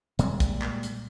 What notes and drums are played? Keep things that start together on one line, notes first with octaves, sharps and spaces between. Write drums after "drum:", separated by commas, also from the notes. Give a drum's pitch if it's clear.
A#2 G3 G#3, drum: hi-hat
drum: kick, hi-hat
drum: clap
drum: hi-hat